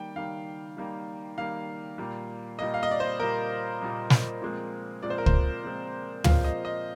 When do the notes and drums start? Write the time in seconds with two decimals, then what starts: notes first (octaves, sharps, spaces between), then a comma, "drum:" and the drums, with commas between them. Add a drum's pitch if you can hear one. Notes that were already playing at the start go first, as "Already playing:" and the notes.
Already playing: D#3 G3 A#3 G5
0.16 D#3 G3 A#3 F5
0.77 D#3 G3 A#3
1.38 D#3 G3 A#3 F5
1.98 A#2 G3 A#3
2.59 A#2 G3 A#3 D#5
2.74 F5
2.83 D#5
2.91 D5
3.00 C5
3.20 A#2 G3 A#3 A#4
3.81 A#2 G3 A#3
4.10 drum: snare
4.42 A#2 F3 G#3 C4
5.02 A#2 F3 G#3 C4 D5
5.10 C5
5.18 A#4
5.26 C5, drum: kick
5.63 A#2 F3 G#3 C4
6.24 A#2 F3 G#3 C4 F5, drum: tom
6.44 D#5
6.65 D#5